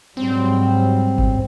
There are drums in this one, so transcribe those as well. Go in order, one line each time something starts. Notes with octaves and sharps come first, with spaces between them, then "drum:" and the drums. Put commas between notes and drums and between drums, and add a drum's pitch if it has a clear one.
G#2 F#3 G3 C4
drum: kick G#1